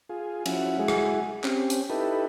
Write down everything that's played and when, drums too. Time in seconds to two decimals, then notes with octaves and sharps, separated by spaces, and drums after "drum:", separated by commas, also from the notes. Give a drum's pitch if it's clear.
0.09 F4 G#4
0.46 F3 C#4 E4 F#4, drum: cymbal
0.79 G#3 E4 F#4 G#4
0.88 drum: rim click
1.44 C4 C#4 G4, drum: clap
1.70 drum: hi-hat
1.90 D#4 E4 G4 A4 B4